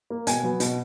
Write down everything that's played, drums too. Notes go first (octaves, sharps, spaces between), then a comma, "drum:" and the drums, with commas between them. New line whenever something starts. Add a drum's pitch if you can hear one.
A#3
B2 G#5, drum: hi-hat
F#3 B3
B2, drum: hi-hat